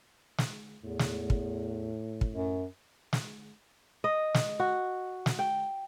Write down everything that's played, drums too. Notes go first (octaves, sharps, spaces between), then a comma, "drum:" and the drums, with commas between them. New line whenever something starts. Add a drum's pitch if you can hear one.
drum: snare
E2 A2
drum: snare
drum: kick
drum: kick
F#2
drum: snare
D#5
drum: snare
F#4
drum: snare
G5